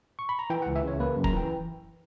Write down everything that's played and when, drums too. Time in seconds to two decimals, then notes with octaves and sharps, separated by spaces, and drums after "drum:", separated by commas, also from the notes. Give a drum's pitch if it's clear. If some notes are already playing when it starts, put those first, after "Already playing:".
0.19 C#6
0.29 B5
0.39 A#5
0.50 E3 G5
0.62 F#5
0.66 C#2
0.75 E5
0.83 C#3 C#5
0.99 A#3 B4
1.16 F#2
1.24 A#5, drum: kick
1.33 E3 G5